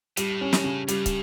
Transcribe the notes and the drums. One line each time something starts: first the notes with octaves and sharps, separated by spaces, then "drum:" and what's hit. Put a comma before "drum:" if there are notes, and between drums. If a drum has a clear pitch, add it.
A2 G3, drum: hi-hat
C#4
drum: snare
C#3
G2 G3, drum: hi-hat
drum: kick, hi-hat